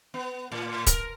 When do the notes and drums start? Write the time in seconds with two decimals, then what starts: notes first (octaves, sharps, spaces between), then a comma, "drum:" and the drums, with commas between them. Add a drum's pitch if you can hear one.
0.14 B3
0.52 A2
0.87 A#4, drum: kick D1, hi-hat